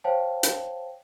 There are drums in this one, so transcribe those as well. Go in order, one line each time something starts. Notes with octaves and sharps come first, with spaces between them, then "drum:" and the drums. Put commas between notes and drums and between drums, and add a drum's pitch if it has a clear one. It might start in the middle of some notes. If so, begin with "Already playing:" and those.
C5 C#5 F5 G5 A5
drum: hi-hat